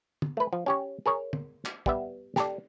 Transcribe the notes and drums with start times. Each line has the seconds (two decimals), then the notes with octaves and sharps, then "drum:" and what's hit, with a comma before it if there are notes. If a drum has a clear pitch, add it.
0.22 drum: tom
0.37 A3 B4
0.53 F3
0.66 C#4 G4 C#5
1.06 G#4 A#4 C#5
1.33 drum: tom
1.65 drum: clap
1.86 G3 B3 E5, drum: kick
2.36 G4 A4 D5, drum: snare